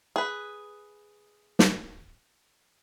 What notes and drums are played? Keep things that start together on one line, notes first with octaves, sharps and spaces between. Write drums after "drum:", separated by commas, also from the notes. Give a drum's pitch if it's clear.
G#4 B4
drum: snare